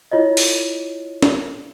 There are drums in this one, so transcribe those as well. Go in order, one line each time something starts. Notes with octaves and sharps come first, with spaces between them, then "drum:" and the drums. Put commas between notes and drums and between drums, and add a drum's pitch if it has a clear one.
E4 F4 C#5 D#5
drum: open hi-hat
drum: snare